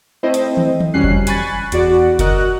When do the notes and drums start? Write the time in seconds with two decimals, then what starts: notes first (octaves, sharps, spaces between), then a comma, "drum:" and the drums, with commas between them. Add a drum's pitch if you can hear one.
0.23 A3 C4 E4 C5 D#5
0.34 drum: hi-hat
0.57 drum: tom D#3
0.80 drum: tom D#3
0.94 F2 F#3 G3 C#4 F#6 C7
1.04 drum: kick F#1
1.27 G#5 B5 C#6 F#6 A6, drum: hi-hat
1.72 E2 F#4 D5 F#5, drum: hi-hat
2.19 F#4 A#4 D#5 F#6, drum: kick F#1, hi-hat